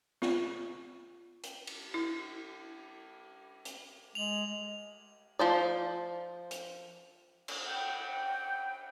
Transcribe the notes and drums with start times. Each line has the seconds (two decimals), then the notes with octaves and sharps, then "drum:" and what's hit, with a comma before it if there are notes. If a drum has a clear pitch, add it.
0.22 F4, drum: snare
1.43 drum: hi-hat
1.67 drum: cymbal
1.94 E4
3.65 drum: hi-hat
4.15 G#3 F7 F#7
5.39 F3 C5 D5
6.51 drum: hi-hat
7.48 drum: cymbal
7.67 F#5 G5